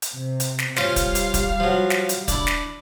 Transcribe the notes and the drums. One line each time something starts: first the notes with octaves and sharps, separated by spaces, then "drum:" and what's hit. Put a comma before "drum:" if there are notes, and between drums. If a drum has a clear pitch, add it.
drum: hi-hat
C3
drum: hi-hat
drum: snare
G3 C#4 F4 C5 F5, drum: snare
drum: kick, hi-hat
drum: hi-hat
drum: kick, hi-hat
F3 F#3
drum: snare
drum: hi-hat
D4 E4, drum: kick, hi-hat
drum: snare